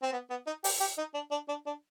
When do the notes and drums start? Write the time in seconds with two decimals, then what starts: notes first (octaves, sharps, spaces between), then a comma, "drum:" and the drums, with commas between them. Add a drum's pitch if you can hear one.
0.03 C4
0.13 B3
0.30 B3
0.47 D#4
0.64 G4, drum: open hi-hat
0.80 G4
0.98 D#4
1.14 D4
1.31 D4
1.49 D4
1.66 D4